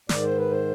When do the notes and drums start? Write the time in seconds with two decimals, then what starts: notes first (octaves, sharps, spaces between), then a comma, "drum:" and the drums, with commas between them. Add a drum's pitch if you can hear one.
0.09 G#2 D#3 D5, drum: snare
0.23 C5
0.38 B4
0.51 C5